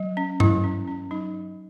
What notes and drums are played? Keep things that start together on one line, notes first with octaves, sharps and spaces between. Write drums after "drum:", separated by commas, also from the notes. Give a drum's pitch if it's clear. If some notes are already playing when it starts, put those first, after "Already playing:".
Already playing: F#3
C#4
F#3 E4, drum: tom G2
C#4
C#4
F#3 D#4
F#3